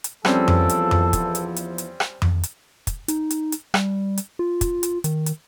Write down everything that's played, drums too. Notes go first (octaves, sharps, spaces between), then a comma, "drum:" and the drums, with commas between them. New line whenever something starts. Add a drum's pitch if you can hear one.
drum: hi-hat
E2 F3 G3 C4 C#4 A4, drum: rim click
drum: tom F2
drum: hi-hat
drum: tom F2
drum: kick, hi-hat
drum: hi-hat
drum: hi-hat
drum: hi-hat
drum: rim click
drum: tom F2
drum: hi-hat
drum: kick, hi-hat
D#4, drum: hi-hat
drum: hi-hat
drum: hi-hat
G3, drum: rim click
drum: hi-hat
F4
drum: kick, hi-hat
drum: hi-hat
D#3, drum: hi-hat
drum: hi-hat